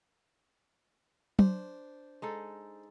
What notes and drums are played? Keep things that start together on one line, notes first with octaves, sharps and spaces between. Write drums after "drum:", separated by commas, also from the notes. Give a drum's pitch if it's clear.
D4 C5, drum: tom F#3
G#3 D#4 A4